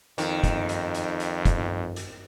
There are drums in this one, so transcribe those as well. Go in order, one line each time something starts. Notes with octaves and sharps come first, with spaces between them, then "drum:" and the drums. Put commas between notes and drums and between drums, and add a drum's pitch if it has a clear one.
F2 D#3, drum: hi-hat
drum: kick, hi-hat
drum: hi-hat
drum: hi-hat
drum: hi-hat
drum: kick, hi-hat
drum: hi-hat